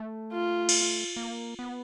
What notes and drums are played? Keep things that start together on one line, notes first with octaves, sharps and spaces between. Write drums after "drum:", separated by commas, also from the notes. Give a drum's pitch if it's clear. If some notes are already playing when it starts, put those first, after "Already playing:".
Already playing: A3
F4
drum: cymbal
A#3
B3